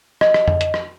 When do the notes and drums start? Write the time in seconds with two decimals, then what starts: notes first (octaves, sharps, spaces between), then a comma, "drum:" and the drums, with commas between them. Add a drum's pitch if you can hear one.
0.21 D#5, drum: rim click
0.34 drum: rim click
0.48 drum: tom F2
0.61 drum: hi-hat
0.74 drum: rim click